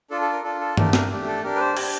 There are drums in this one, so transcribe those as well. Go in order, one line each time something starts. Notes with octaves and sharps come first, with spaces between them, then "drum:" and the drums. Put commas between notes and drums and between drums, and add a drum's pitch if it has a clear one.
D4 F4 A4
A4
A#4
D4 F4 A4
A4
A3 D4 G4 A#4, drum: tom G2
A#4, drum: snare
A3 D4 G4
A4
D4 G4 A#4
B4
C5
D4 G4, drum: cymbal